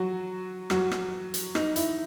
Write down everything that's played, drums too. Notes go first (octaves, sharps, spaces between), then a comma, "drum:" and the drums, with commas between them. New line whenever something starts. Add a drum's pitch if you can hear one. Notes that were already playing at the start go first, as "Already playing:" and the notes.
Already playing: F#3 F#4
F#3 F#4, drum: rim click
drum: rim click
drum: hi-hat
D#4, drum: rim click
E4, drum: hi-hat